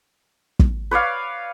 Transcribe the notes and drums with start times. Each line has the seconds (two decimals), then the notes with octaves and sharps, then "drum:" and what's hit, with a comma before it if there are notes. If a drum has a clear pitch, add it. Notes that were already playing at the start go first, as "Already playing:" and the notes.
0.59 drum: kick
0.91 B4 C#5 D5 F5